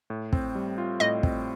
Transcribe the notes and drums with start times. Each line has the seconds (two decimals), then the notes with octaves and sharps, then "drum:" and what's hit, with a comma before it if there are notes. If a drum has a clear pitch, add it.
0.10 A2
0.33 C4, drum: kick
0.55 G3
0.78 F4
1.00 A2 D#5
1.23 C4, drum: kick